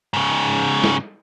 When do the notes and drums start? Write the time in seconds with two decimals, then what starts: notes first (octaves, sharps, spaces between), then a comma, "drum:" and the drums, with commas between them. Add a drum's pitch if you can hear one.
0.14 G#2 C#3
0.84 drum: snare